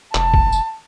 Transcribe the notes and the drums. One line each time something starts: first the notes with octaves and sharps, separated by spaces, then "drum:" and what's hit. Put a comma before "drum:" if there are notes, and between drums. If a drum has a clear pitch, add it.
F1 A5, drum: clap
drum: kick
drum: tambourine